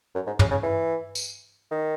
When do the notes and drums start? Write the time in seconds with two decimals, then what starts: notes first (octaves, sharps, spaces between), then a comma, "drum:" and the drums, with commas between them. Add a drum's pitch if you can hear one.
0.15 F#2
0.27 G#2
0.39 C#3, drum: tom
0.51 C#3
0.63 E3
1.15 drum: tambourine
1.71 D#3